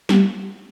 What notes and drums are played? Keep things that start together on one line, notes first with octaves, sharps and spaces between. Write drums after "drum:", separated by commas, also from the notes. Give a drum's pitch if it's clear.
G3, drum: snare